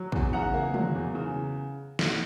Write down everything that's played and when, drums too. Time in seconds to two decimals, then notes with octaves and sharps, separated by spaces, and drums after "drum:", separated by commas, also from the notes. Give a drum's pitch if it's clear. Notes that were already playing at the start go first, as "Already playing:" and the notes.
Already playing: F#3
0.12 E2, drum: kick
0.33 C#3 F#5 A#5
0.54 A#3
0.74 F#3, drum: tom
0.95 E2
1.15 C#3
1.99 drum: snare